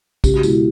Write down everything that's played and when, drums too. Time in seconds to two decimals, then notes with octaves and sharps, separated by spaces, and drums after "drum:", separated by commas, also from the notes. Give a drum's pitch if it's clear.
0.24 C#2 G4, drum: kick, tambourine
0.34 F#4
0.43 B2 G#3 E4, drum: tambourine
0.53 E4